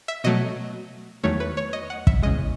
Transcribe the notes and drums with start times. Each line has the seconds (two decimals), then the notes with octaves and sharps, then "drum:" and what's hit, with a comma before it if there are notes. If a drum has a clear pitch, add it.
0.08 E5
0.24 B2 F#3 A3 D#5
1.24 E2 D#3 F#3 A3 C#5
1.40 B4
1.57 C#5
1.73 D#5
1.90 F#5
2.07 E5, drum: kick
2.23 E2 C#3 G#3 D#5